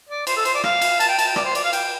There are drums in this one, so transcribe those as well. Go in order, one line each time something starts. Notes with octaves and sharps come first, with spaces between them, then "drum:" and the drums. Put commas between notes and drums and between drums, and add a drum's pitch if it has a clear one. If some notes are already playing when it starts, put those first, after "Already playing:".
D5
C5, drum: cymbal
A4
C5, drum: cymbal
D5
F5, drum: rim click
drum: cymbal
A5, drum: cymbal
G5
A5, drum: cymbal
G5
D5, drum: rim click
C5
D5, drum: cymbal
F5
G5, drum: cymbal